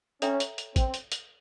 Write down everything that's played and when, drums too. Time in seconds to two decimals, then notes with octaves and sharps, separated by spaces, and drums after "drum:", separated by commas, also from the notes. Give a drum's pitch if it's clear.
0.22 C#4 A4 C#5 E5 G5 A#5, drum: hi-hat
0.40 drum: hi-hat
0.58 drum: hi-hat
0.76 C4, drum: kick, hi-hat
0.94 drum: hi-hat
1.12 drum: hi-hat